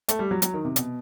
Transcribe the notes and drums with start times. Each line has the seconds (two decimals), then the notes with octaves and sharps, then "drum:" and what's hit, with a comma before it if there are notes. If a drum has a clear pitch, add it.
0.08 A3, drum: hi-hat
0.19 G3
0.31 F#3
0.42 F#3, drum: hi-hat
0.54 D#3
0.65 C3
0.76 B2, drum: hi-hat